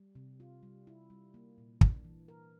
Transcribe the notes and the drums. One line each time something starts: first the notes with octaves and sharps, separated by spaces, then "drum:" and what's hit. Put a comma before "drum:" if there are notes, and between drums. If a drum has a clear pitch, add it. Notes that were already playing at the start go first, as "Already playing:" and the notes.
Already playing: G3
C3
F4
G3
E4
G3
A#3
A#2
D4, drum: kick
E3
A#4